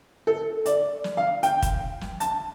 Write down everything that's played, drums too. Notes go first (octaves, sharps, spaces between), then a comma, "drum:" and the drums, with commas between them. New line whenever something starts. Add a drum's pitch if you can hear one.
A4
D5, drum: hi-hat
drum: snare
F5
G5, drum: hi-hat
drum: kick, hi-hat
drum: snare
A5, drum: hi-hat